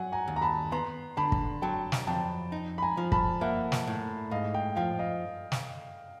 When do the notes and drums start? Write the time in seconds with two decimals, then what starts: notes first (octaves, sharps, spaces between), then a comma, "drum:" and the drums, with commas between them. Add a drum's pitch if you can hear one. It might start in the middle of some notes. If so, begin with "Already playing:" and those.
Already playing: F#3 F#5 G#5
0.12 G#5 A#5
0.28 D#2
0.36 A#5
0.42 A5 B5
0.72 B3 A#5 C6
1.17 D3 A5 B5
1.32 drum: kick
1.62 F#3 G5 A5
1.92 drum: snare
2.07 F2 G5 A5
2.52 D#4
2.78 B5
2.82 G#5 A#5
2.97 F3
3.12 A5 B5, drum: kick
3.41 A#3 E5 F#5
3.72 drum: snare
3.87 A2
4.31 G#2 D#5 F5
4.54 F5 G5
4.76 F3 F5 G5
4.99 D#5 F5
5.52 drum: snare